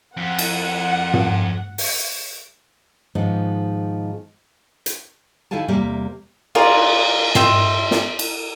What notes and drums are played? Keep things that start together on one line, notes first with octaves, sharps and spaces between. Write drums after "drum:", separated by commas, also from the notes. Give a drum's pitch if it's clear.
F2 F#5
drum: cymbal
drum: tom
drum: open hi-hat
G#2 D#3 F3 G#3 B3 D#4
drum: hi-hat
D#3 E4 A4 F5 G#5 A5
E2 C3 G3 A#3 E5
F4 G#4 A#4 D5, drum: cymbal
D#5 E5 G5 C6, drum: tom
drum: snare
drum: cymbal